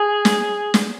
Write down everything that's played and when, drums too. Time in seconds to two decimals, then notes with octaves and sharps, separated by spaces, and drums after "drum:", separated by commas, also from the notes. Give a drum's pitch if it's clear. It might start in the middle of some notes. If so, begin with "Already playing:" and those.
Already playing: G#4
0.25 drum: snare
0.74 drum: snare